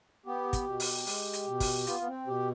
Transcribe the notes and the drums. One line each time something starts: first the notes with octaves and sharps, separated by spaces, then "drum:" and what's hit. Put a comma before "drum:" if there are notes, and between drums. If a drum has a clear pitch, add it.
B3 G4
drum: kick, hi-hat
B2
drum: open hi-hat
G#3, drum: open hi-hat
drum: hi-hat
B2
drum: kick, open hi-hat
B3 F4, drum: hi-hat
B3
C4
B2 G4